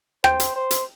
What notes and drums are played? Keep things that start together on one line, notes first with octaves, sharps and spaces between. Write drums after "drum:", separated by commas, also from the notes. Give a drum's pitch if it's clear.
C5 G5, drum: rim click
drum: hi-hat
C5
drum: hi-hat